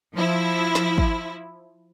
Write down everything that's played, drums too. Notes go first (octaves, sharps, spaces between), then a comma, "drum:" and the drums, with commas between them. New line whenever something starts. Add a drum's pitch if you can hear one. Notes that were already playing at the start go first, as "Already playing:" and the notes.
F3 E4
drum: snare
drum: kick